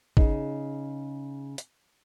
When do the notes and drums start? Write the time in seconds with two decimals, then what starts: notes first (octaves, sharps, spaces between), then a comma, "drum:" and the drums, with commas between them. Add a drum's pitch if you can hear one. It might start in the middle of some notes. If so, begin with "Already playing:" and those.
0.17 C#3 D#4, drum: kick
1.58 drum: hi-hat